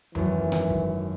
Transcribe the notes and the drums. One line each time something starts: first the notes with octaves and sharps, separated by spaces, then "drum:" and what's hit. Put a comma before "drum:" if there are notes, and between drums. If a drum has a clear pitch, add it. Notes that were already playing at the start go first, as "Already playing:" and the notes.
G#1 F#2 E3, drum: tom E2
drum: rim click
drum: kick